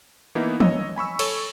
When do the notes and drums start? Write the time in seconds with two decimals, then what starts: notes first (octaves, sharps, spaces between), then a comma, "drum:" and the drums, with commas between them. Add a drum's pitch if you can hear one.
0.35 E3 A#3 B3 D#4 E4
0.60 C#5 D#5 E6, drum: tom
0.96 G#5 B5 C#6 E6
1.19 A4 C#5 C#6 E6, drum: cymbal